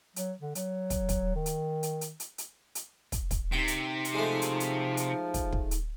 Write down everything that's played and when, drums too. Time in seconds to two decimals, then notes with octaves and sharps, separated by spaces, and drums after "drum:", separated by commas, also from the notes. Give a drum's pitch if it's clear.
0.16 F#3, drum: hi-hat
0.40 D3
0.55 F#3, drum: hi-hat
0.90 drum: kick, hi-hat
1.09 drum: kick, hi-hat
1.35 D#3
1.46 drum: hi-hat
1.83 drum: hi-hat
2.01 drum: hi-hat
2.20 drum: hi-hat
2.38 drum: hi-hat
2.75 drum: hi-hat
3.12 drum: kick, hi-hat
3.31 drum: kick, hi-hat
3.52 C3 D#4 G5
3.68 drum: hi-hat
4.05 drum: hi-hat
4.14 F3 G#3 A3
4.42 drum: hi-hat
4.60 drum: hi-hat
4.97 drum: hi-hat
5.34 drum: kick, hi-hat
5.53 drum: kick
5.71 drum: hi-hat